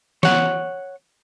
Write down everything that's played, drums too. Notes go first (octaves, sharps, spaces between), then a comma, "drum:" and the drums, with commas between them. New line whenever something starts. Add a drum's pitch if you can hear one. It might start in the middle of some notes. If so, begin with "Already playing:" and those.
C#5 F#5, drum: snare